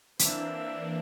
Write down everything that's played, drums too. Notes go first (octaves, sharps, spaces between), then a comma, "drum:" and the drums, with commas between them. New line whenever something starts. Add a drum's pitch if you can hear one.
E3 A#3 C4 D4 E5, drum: hi-hat